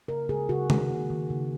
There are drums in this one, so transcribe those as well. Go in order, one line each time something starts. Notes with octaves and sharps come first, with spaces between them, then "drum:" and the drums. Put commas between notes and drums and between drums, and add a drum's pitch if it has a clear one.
C#3 A#4
C#3 G#4
C#3 F#4
D#3, drum: tom C3
A#3
D#3
C#3